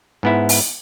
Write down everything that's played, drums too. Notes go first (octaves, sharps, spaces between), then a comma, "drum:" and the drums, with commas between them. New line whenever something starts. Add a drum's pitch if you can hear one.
G#2 B3 E4
drum: open hi-hat